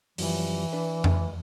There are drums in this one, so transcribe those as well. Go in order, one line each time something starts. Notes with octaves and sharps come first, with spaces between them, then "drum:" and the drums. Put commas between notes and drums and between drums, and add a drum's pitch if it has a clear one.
F#2 E3 F3 G3, drum: open hi-hat
D4 B4
drum: tom F2